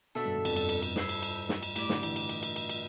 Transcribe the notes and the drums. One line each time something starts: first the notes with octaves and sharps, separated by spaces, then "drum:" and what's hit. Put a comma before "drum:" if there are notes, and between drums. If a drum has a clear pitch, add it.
B2 A3 D4 A4 E5
G2
G2
F2, drum: cymbal
G2, drum: cymbal
drum: cymbal
drum: cymbal
E4 A4 C5 E5, drum: snare
drum: cymbal
drum: cymbal
drum: snare
drum: cymbal
A2 E4 G4 D5, drum: cymbal
D3, drum: snare
E3, drum: cymbal
drum: cymbal
drum: cymbal
drum: cymbal
drum: cymbal
drum: cymbal